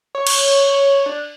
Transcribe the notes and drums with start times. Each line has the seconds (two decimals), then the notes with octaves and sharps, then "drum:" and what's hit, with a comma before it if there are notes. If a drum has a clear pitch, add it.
0.15 C#5
0.27 drum: cymbal
1.06 D4